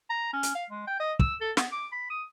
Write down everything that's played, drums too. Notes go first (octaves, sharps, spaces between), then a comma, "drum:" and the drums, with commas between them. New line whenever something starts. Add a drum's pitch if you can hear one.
A#5
C#4
drum: hi-hat
F5
G#3
G5
D#5
E6, drum: kick
A4
B3, drum: snare
D6
B5
D#6